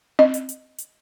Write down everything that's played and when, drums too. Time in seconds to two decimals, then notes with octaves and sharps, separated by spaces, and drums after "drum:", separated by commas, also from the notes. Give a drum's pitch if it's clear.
0.19 D#5, drum: tom C4
0.34 drum: hi-hat
0.49 drum: hi-hat
0.78 drum: hi-hat